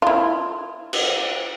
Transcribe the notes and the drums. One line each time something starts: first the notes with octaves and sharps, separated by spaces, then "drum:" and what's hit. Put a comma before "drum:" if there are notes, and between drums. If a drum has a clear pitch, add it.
E4 F4
drum: cymbal